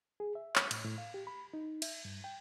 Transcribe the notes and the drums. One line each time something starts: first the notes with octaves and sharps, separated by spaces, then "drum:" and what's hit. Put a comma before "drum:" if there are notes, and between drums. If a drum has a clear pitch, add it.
G#4
E5
C#5, drum: clap
A2, drum: cymbal
A2
F5
G4
B5
D#4
E5, drum: cymbal
G2
G5